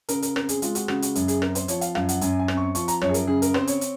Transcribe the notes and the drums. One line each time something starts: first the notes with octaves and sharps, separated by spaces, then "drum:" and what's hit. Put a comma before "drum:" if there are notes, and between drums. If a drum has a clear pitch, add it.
C#3 A#4, drum: hi-hat
A#4, drum: hi-hat
C4 A#4, drum: rim click
G#4, drum: hi-hat
G#3 F4, drum: hi-hat
F#4, drum: hi-hat
C#3 F#4, drum: rim click
F#4, drum: hi-hat
F#2, drum: hi-hat
G#4, drum: hi-hat
C4 A#4, drum: rim click
C5, drum: hi-hat
F3 C#5, drum: hi-hat
F5, drum: hi-hat
F#2 F5, drum: rim click
F#5, drum: hi-hat
F#2 G#5, drum: hi-hat
G#5
C4, drum: rim click
C#6
F3 C#6, drum: hi-hat
A#5, drum: hi-hat
F#2 C#5, drum: rim click
G#4
A#4, drum: hi-hat
C#3 G#4
A#4, drum: hi-hat
C4 C5, drum: rim click
C#5, drum: hi-hat
drum: hi-hat